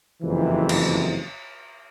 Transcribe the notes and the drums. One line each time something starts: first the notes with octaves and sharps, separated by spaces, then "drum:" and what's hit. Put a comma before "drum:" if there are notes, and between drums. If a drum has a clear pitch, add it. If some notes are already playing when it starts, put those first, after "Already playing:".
F#1 F2 G#2 C3 E3
drum: cymbal